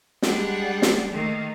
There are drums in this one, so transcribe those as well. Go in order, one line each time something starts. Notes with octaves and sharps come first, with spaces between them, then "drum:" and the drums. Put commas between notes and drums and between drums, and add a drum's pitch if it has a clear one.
G3 G#3 D4 G#4 F#5 G5, drum: snare
drum: snare
D#3 A3 A#3